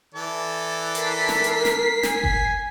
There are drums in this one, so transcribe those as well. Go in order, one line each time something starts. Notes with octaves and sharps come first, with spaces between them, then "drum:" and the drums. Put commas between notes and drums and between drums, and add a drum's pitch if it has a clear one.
E3 A4 D5
A#4 B6 C7, drum: hi-hat
drum: snare
drum: hi-hat
drum: snare
G#5, drum: snare
drum: kick F#1